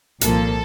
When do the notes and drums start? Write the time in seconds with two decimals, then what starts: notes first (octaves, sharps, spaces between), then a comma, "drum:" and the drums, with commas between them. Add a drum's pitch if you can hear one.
0.21 C2 A#2 F3 A#3 A4, drum: hi-hat